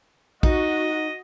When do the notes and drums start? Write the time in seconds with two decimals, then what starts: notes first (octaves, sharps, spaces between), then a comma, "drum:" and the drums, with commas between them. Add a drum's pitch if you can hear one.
0.43 D#4 F#4 D#5, drum: kick A#1